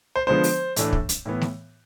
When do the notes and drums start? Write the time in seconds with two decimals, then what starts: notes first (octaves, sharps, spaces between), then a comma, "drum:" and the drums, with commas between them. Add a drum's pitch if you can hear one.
0.16 C5
0.27 D3 F3 G#3 B3 D4 C5
0.44 drum: open hi-hat
0.76 A2 E3 A3 D4, drum: hi-hat
0.93 drum: kick
1.09 drum: hi-hat
1.26 A2 E3 B3
1.41 drum: snare